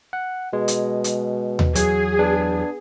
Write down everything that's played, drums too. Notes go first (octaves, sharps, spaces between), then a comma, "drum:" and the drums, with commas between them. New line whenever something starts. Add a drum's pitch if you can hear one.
F#5
B2 G#3
drum: hi-hat
drum: hi-hat
drum: tom D#2
E2 F#3 G#4, drum: hi-hat
B3 D4